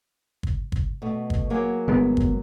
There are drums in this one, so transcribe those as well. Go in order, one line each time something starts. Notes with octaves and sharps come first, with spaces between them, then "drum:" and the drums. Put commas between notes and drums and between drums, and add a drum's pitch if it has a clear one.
drum: kick G1
drum: kick G1
B2 A3
drum: kick G1
F#3 A#3 G#4
G1 G#3 B3
drum: kick G1